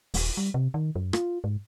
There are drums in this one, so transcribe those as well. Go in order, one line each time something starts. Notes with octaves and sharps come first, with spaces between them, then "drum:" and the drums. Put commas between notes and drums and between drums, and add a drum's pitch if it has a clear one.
D#1, drum: open hi-hat
G3
C3
D#3
F#2
F4, drum: rim click
G#2